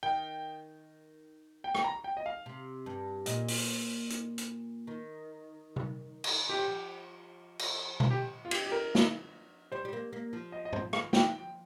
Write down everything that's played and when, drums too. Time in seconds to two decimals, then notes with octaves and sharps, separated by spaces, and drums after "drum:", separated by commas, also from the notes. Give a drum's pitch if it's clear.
0.03 D#3 G5
1.64 G5
1.75 G5, drum: rim click
1.84 A#5
2.04 G5
2.17 D#5
2.26 F5
2.46 C3
2.86 G2
3.26 A#2 D#5, drum: hi-hat
3.48 drum: open hi-hat
4.10 drum: hi-hat
4.38 drum: hi-hat
4.87 D#3
5.76 drum: tom C3
6.24 drum: cymbal
6.49 F3 G4
6.59 G3
6.68 F3
7.59 drum: cymbal
8.00 drum: tom B2
8.10 G4
8.45 F4
8.51 G4, drum: cymbal
8.66 G4
8.72 A#4
8.95 drum: snare
9.72 G3 C5
9.85 G3
9.93 A#3
10.13 A#3
10.33 F3
10.52 D#5
10.65 D#5
10.73 C5, drum: tom
10.93 F5, drum: rim click
11.13 G5, drum: snare